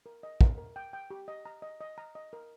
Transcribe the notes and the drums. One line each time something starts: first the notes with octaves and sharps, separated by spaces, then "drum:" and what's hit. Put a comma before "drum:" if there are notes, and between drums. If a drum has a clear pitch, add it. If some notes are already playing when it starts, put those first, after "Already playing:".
A#4
D#5
A#4, drum: kick
A#4
G5
G5
G4
D#5
A#5
D#5
D#5
A#5
D#5
A#4